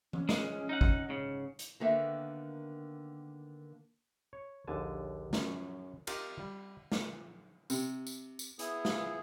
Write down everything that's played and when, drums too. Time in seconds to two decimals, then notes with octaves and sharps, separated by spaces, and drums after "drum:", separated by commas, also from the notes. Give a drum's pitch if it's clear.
0.13 C#4, drum: tom E3
0.29 G#3, drum: snare
0.69 D#4 F#5
0.81 drum: kick
1.09 G#2 C#3
1.59 drum: hi-hat
1.80 D3 D#3 A#3 B3 E5
4.33 C#5
4.67 A#1 D#2 D3 G#5 A5
5.33 F#2 C#4, drum: snare
6.07 F4 G4 A#4 D#5, drum: cymbal
6.39 G3
6.92 drum: snare
7.70 C3, drum: tambourine
8.07 drum: tambourine
8.39 drum: tambourine
8.59 B3 E4 G#4, drum: hi-hat
8.85 F4, drum: snare